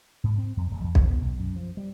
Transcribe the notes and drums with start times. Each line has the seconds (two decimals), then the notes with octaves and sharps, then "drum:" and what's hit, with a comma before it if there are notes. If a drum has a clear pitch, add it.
0.24 G#2
0.38 C4
0.57 F2
0.71 D1
0.84 E2
0.95 F3, drum: kick B1
1.08 B2
1.21 B1
1.40 F#2
1.56 F3
1.77 G3